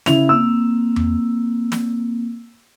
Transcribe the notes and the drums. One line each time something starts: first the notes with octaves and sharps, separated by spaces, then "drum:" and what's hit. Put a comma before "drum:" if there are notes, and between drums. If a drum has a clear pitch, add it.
C#3 E4 F7, drum: snare
A#3 C4 E6
drum: tom E2
drum: snare